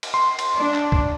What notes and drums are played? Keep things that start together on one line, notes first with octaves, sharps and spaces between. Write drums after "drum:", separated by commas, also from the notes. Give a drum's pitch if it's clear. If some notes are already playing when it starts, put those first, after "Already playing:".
drum: cymbal
C6
drum: cymbal
D4
drum: clap
drum: kick